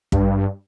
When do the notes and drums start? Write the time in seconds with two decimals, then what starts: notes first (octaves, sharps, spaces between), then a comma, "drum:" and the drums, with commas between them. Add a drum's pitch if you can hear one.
0.12 G2, drum: kick